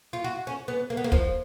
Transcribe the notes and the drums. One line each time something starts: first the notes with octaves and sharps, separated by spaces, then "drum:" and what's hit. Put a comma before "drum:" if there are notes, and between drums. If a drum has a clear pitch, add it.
F4
F#4
C#4
B3
A#3
B3
A#3
F3, drum: kick